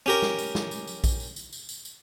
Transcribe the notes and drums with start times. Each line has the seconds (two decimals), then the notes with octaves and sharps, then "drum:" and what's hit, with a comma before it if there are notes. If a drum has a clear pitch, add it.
0.06 C#4 G4 A#4
0.22 drum: snare
0.39 drum: tambourine
0.55 drum: snare
0.71 drum: tambourine
0.87 drum: tambourine
1.04 drum: kick A#1, tambourine
1.20 drum: tambourine
1.36 drum: tambourine
1.53 drum: tambourine
1.69 drum: tambourine
1.85 drum: tambourine